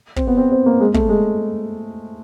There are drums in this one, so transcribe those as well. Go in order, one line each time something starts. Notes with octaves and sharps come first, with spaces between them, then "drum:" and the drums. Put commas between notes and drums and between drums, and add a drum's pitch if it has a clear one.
C4, drum: kick
B3
C4
C4
A#3
G#3
A3, drum: kick
G#3